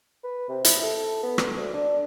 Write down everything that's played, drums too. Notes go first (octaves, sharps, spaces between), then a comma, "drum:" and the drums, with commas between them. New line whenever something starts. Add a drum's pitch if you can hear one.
B4
C3
E4, drum: hi-hat
A4
B3
drum: rim click
D2
D4